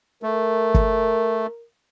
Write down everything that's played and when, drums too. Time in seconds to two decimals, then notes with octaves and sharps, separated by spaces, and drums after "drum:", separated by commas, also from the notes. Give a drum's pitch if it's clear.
0.23 A3 A#4
0.74 drum: kick